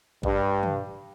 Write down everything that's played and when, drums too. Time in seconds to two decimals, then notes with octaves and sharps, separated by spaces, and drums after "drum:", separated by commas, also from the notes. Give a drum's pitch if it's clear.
0.23 G2, drum: kick
0.63 drum: tom